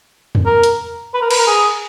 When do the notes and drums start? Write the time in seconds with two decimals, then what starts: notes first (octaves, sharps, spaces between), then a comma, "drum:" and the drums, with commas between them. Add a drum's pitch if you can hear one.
0.35 drum: tom E2
0.46 A#4
0.63 drum: hi-hat
1.14 B4
1.22 A#4
1.30 B4, drum: cymbal
1.39 A#4
1.47 G#4